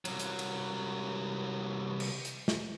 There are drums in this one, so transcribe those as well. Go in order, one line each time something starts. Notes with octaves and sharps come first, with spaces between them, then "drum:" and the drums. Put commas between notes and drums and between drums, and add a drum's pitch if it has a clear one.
C2 F#3, drum: cymbal
drum: hi-hat
drum: cymbal
drum: cymbal
drum: hi-hat
drum: snare